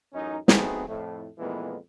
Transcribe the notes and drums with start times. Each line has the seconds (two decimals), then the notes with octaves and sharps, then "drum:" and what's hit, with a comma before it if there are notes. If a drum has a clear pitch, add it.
0.14 A1 F#2 C#4 D#4
0.48 F#3 A3 B3 C4 D#4 G#4, drum: snare
0.88 F2 A2 A3
1.39 F2 A#2 E3 G#3 A#3 B3